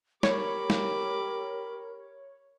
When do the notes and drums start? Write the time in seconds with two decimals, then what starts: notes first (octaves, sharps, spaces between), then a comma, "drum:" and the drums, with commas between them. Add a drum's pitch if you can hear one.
0.23 G4 A#4 C#5 B5 D6, drum: snare
0.70 drum: snare